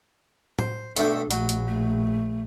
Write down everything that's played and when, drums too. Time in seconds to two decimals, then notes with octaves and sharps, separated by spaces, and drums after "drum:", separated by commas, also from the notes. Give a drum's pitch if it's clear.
0.59 C5, drum: tom A2
0.97 B1 A3 D4 A4 G5, drum: hi-hat
1.31 A#1 F#3 A3, drum: hi-hat
1.49 drum: hi-hat
1.68 A3